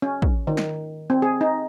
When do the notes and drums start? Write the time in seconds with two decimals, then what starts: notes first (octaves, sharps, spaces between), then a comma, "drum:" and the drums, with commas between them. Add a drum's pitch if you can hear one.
0.02 C#4
0.22 drum: kick
0.47 D#3
0.57 drum: snare
1.10 C4
1.22 G#4
1.41 D#4